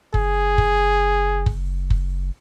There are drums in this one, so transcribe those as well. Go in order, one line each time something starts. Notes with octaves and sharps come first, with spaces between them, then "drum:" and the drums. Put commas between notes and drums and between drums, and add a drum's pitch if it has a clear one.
F#1 G#4, drum: kick
drum: kick
drum: kick
drum: kick